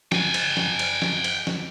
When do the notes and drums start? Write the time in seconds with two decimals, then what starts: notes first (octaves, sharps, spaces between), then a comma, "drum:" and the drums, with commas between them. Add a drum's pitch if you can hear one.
0.12 G5 G#5, drum: snare
0.34 drum: cymbal
0.57 drum: snare
0.79 drum: cymbal
1.02 drum: snare
1.24 drum: cymbal
1.47 drum: snare